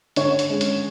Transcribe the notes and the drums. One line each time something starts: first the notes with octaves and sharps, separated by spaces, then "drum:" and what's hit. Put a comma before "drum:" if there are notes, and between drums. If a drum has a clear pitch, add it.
D3 C#5, drum: hi-hat
drum: hi-hat
G#3 C#4
drum: hi-hat